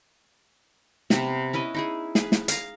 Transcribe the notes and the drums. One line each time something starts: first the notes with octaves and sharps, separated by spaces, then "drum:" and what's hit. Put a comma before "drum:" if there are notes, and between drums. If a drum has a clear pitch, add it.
C3 B3, drum: snare
C#4 E4 B4 D#5
D#4 E4 G#4
G#4 B4, drum: snare
drum: snare
F5 A#5, drum: hi-hat